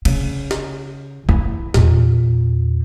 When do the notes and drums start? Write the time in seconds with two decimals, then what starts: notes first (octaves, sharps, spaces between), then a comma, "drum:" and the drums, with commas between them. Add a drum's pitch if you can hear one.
0.05 C#3, drum: cymbal
0.51 drum: snare
1.29 E4, drum: kick
1.74 E2 A#2, drum: snare